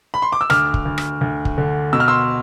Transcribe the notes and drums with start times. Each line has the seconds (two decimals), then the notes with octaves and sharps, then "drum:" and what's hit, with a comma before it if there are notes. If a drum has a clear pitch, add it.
0.14 B5
0.22 C6
0.32 D6
0.41 E6
0.50 D2 D6 F6, drum: rim click
0.74 drum: kick
0.85 D2
0.98 drum: rim click
1.21 D2
1.45 drum: kick
1.58 D3
1.93 B2 E6
2.00 F6
2.08 C6 E6